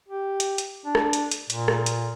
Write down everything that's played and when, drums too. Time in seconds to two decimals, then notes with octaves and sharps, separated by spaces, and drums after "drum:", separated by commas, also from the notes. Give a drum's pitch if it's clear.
0.08 G4
0.40 drum: hi-hat
0.58 drum: hi-hat
0.85 D4
0.95 drum: rim click
1.13 drum: hi-hat
1.31 drum: hi-hat
1.50 A#2, drum: hi-hat
1.68 drum: rim click
1.86 drum: hi-hat